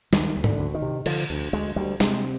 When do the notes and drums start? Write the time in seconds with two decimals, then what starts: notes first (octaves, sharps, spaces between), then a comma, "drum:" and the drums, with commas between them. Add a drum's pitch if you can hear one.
0.13 D2 D#3, drum: snare
0.36 D2
0.44 D3, drum: tom G#2
0.59 D2
0.74 D#3
0.82 C3
1.06 D3 F3, drum: cymbal
1.30 D2
1.53 D2 G#3
1.76 D2 G3
2.00 C3 G#3, drum: snare